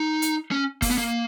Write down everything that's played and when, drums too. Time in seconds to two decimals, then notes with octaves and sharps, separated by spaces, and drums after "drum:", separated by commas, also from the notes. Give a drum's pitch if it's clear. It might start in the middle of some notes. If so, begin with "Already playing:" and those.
Already playing: D#4
0.22 drum: hi-hat
0.52 C#4
0.82 A#3, drum: kick F#1, open hi-hat
0.91 B3
0.98 A#3